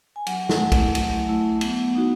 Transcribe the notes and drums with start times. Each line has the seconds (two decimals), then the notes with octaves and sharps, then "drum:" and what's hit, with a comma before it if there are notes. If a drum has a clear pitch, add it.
0.16 G#5
0.27 F#3 F#5, drum: cymbal
0.49 drum: snare
0.60 A3 E4
0.72 drum: kick B1, cymbal
0.95 F#3, drum: cymbal
1.28 A3 E4
1.61 B3, drum: cymbal
1.95 D#4 F#4